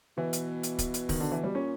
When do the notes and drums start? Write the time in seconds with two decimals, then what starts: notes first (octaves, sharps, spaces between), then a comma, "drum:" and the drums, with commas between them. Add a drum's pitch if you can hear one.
0.17 B2 E3
0.33 drum: hi-hat
0.63 drum: hi-hat
0.79 drum: kick D1, hi-hat
0.94 drum: hi-hat
1.09 D#3, drum: kick D1, open hi-hat
1.20 D3
1.32 E3
1.43 G3
1.55 A#2 C#4